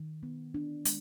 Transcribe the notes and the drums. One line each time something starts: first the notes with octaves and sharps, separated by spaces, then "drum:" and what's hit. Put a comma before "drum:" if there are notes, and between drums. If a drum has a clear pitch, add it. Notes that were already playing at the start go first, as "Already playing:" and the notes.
Already playing: D#3
B3
D4
G#3, drum: hi-hat